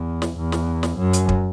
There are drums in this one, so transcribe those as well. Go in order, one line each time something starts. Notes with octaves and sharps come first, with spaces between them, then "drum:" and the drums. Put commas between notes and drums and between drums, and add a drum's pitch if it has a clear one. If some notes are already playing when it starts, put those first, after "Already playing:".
Already playing: E2
drum: snare
E2
drum: snare
drum: snare
F#2
drum: hi-hat
drum: kick